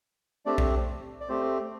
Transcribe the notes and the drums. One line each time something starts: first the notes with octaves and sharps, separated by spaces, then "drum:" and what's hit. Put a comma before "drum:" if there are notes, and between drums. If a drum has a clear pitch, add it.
A3 C4 D4 G4 D5
drum: kick B1
D5
A3 C4 G4 C5